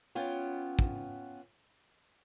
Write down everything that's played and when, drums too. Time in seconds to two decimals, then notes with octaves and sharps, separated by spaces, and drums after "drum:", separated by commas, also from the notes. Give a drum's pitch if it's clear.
0.15 B3 C#4 F4 G5
0.79 drum: kick